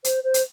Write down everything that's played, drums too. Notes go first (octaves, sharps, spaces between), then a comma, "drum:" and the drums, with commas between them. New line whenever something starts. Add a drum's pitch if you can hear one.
C5, drum: hi-hat
C5
drum: hi-hat